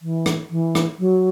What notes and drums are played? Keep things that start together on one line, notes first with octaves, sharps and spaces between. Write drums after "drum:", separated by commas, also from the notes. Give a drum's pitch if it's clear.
E3
drum: rim click
E3
drum: rim click
F#3